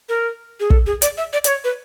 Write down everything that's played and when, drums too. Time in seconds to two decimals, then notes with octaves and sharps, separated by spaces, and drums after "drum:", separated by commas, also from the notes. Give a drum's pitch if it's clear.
0.09 A#4
0.60 G#4
0.70 A4, drum: kick
0.86 G#4
1.02 D5, drum: hi-hat
1.18 E5
1.33 D5
1.44 D5, drum: hi-hat
1.48 C#5
1.64 B4